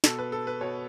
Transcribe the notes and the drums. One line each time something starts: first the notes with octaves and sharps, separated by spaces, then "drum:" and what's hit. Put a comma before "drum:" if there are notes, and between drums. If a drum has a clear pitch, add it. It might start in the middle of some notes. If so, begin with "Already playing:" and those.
B2 A4, drum: snare
B4
A4
B4
B2 C#5